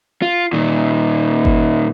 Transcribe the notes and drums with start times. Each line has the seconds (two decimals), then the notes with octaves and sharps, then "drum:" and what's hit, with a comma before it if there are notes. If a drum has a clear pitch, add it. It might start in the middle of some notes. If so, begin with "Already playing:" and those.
0.22 F4
0.53 A#2 D#3
1.45 drum: kick G1